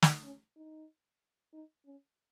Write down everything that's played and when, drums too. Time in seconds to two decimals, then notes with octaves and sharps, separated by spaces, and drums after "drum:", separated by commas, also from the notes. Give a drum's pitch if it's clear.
0.02 drum: snare
0.23 C#4
0.56 D#4
1.53 D#4
1.86 C#4